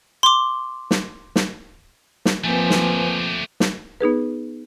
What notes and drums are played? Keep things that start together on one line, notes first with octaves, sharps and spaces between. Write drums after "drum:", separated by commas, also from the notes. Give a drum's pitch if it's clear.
C6 D6
drum: snare
drum: snare
drum: snare
F3 A3 A#3 C4 G4 B4 C5 G#5
drum: snare
drum: snare
B3 D#4 G#4 B4